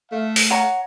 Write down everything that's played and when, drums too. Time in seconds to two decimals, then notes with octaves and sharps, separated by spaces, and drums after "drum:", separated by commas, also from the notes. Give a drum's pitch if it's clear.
0.12 A3 F5
0.36 drum: open hi-hat
0.50 C#5 F#5 A#5